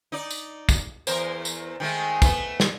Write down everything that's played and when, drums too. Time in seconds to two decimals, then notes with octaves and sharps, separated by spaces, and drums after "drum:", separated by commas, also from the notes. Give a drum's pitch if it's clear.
0.12 D#4 D5
0.30 drum: tambourine
0.69 drum: kick, tambourine
1.07 E2 A#4 C5, drum: tambourine
1.45 drum: tambourine
1.80 D#3 G#3 A3
2.22 A3 B3, drum: kick, tambourine
2.60 drum: snare